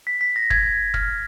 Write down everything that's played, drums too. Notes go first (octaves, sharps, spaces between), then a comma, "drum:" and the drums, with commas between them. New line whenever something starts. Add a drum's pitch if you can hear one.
B6
B6
A#6
G#6, drum: kick
F6, drum: kick